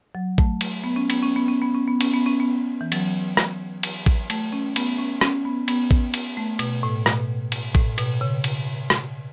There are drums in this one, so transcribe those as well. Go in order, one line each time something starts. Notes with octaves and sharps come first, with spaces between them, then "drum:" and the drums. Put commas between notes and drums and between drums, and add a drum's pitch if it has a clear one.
F#3
A3, drum: kick A1
drum: cymbal
B3
C#4
B3, drum: cymbal
C#4
B3
C#4
B3
C#4
B3
C#4, drum: cymbal
B3
C#4
B3
E3
F#3, drum: cymbal
drum: rim click
drum: cymbal
drum: kick A1
A3, drum: cymbal
C#4
B3, drum: cymbal
C#4
C#4, drum: rim click
B3
B3, drum: cymbal
drum: kick A1
drum: cymbal
A3
B2, drum: cymbal
A2
B2, drum: rim click
drum: cymbal
A2, drum: kick A1
B2, drum: cymbal
C#3
drum: cymbal
drum: rim click